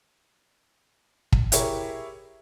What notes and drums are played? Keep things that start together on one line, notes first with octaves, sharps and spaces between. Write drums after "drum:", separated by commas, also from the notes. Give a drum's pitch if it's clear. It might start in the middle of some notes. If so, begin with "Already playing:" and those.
drum: kick
E4 G4 G#4 A#4 C#5, drum: hi-hat